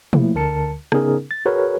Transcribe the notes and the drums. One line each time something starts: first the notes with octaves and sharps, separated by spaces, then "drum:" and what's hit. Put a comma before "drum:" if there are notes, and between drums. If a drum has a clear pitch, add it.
F3 A3 A#3 E4, drum: tom B2
D2 D3 A#4 A5 C#7
C#3 B3 C#4 D#4 G#4 A#4, drum: rim click
A6
F#4 G#4 A#4 B4 C#5